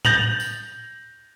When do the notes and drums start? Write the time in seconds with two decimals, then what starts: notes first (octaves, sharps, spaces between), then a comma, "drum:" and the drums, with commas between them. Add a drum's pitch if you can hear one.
0.05 G6 A6 A#6 F7 F#7, drum: tom A2
0.40 drum: tambourine